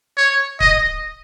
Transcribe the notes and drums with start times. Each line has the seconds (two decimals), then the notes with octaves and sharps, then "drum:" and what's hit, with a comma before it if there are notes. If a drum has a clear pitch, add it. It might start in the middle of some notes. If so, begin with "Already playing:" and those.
0.17 C#5
0.60 D#5, drum: kick C#1